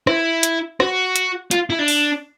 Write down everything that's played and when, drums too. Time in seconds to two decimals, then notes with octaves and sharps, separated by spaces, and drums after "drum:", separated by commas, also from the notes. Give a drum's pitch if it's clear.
0.07 E4, drum: rim click
0.43 drum: hi-hat
0.80 F#4, drum: rim click
1.16 drum: hi-hat
1.51 F4, drum: hi-hat
1.70 E4
1.79 D4
1.88 drum: open hi-hat